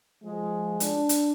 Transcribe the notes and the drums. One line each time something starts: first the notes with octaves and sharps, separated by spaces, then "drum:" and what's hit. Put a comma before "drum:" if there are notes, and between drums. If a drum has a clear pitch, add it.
F3 G#3
D4, drum: hi-hat
drum: hi-hat